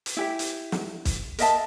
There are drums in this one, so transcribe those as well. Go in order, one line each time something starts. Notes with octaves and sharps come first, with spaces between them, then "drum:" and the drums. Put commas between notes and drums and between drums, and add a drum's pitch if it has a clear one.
drum: hi-hat
E4 G4 E5
drum: hi-hat
drum: snare
drum: kick, hi-hat
A#4 D#5 E5 A5, drum: hi-hat